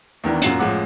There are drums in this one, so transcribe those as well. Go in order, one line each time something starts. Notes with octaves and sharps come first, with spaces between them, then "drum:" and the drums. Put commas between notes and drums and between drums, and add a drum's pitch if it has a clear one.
E2 D#3 E3 D4
F#2 A#2 F#4 C7 E7 F#7, drum: hi-hat
A1 F3 G#3 F#5 D6